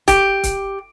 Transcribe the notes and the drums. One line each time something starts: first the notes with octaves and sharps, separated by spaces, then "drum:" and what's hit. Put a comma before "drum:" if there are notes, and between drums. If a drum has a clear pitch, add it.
G4, drum: kick C#1, hi-hat
drum: kick C#1, hi-hat